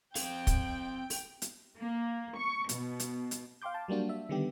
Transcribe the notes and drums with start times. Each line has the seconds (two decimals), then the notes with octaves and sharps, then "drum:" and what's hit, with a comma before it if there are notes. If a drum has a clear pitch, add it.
0.15 C4 F5 G5, drum: open hi-hat
0.47 drum: kick, hi-hat
1.10 drum: open hi-hat
1.42 drum: hi-hat
1.78 A#3
2.36 C#6
2.69 B2, drum: hi-hat
3.00 drum: hi-hat
3.31 drum: hi-hat
3.62 F5 G5 C6 D6 G6
3.74 A5
3.88 F#3 G3 A#3 D4 F#4
4.09 E5
4.29 D3 D#3 G3 B3 G4